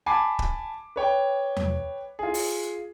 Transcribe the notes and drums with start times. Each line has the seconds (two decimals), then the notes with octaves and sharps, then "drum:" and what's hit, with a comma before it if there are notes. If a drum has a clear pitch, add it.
0.06 G#5 A5 B5 D6 C7
0.39 drum: kick
0.96 B4 C#5 G5
1.57 drum: tom E2
2.19 F4 G#4
2.34 drum: open hi-hat